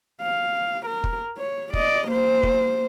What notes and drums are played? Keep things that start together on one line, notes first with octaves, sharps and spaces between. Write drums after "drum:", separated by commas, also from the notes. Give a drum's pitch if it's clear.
F5
A#4
drum: kick
C#5
D5 D#5, drum: kick
A#3 C5
drum: kick